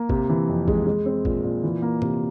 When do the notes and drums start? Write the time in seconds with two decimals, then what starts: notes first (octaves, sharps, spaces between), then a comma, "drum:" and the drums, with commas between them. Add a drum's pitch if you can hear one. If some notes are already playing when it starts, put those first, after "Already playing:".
Already playing: A#3
0.09 C3, drum: kick
0.29 E3
0.48 F2
0.68 G#3, drum: kick
0.86 G#3
1.06 C4
1.25 A#2, drum: kick
1.44 A#2
1.63 E3
1.82 A#3
2.02 C3, drum: tom